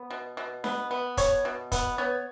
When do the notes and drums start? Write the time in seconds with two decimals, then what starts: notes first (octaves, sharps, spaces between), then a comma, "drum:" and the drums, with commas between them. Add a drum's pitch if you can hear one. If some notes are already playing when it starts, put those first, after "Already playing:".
Already playing: B3
0.10 B2
0.37 B2
0.64 B3, drum: snare D4
0.91 B3
1.17 B2 C#5, drum: kick, hi-hat
1.45 B2
1.72 B3, drum: kick, hi-hat
1.98 B3 C#5